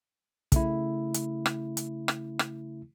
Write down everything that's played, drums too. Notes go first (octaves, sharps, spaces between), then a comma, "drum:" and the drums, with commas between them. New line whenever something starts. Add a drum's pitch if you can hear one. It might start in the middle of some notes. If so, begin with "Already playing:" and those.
C#3 A3 E4, drum: kick, hi-hat
drum: hi-hat
drum: rim click
drum: hi-hat
drum: rim click
drum: rim click